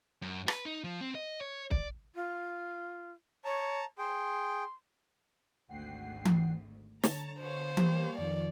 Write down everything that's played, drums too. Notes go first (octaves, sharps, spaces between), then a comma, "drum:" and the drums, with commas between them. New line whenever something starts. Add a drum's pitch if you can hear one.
F#2
B4, drum: rim click
D#4
F3
C4
D#5
C#5
D5, drum: kick
F4
C#5 A5 A#5
G#4 G5 C6
G#1 D2 F#5 G5 C7
drum: tom E3
D3 C#5 A5 A#5, drum: snare
B2 C5 C#5 F5
G3 A#3 G4, drum: tom E3
F2 D#3 F3 D5